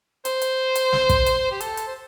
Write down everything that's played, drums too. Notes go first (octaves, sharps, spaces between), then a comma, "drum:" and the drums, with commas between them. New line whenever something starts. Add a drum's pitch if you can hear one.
C5, drum: hi-hat
drum: hi-hat
drum: hi-hat
drum: snare
drum: kick, hi-hat
drum: hi-hat
G4
A4, drum: hi-hat
drum: hi-hat
C5